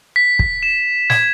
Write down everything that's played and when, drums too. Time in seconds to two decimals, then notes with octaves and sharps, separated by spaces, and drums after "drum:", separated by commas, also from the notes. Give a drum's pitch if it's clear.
0.16 B6
0.39 drum: kick
0.63 E7
1.10 G#6, drum: snare